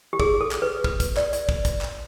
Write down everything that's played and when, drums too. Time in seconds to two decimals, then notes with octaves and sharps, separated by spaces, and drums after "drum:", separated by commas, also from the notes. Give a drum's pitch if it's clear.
0.13 G4
0.20 G#4, drum: kick
0.41 A4
0.51 drum: clap
0.62 B4
0.84 B4, drum: kick
1.00 drum: kick, hi-hat
1.17 D5, drum: clap
1.33 D5, drum: hi-hat
1.49 drum: kick
1.65 drum: kick, hi-hat
1.81 drum: clap